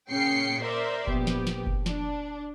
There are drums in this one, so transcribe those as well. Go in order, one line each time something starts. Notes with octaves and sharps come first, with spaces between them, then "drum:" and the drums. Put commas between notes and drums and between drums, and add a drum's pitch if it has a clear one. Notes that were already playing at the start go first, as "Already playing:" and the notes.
A#2 C#3 C#4 G5 C7 C#7
A#4 C5 D5 E5 C6
A#1 B3 G4, drum: kick F#1
drum: snare
drum: snare
drum: kick F#1
D4, drum: snare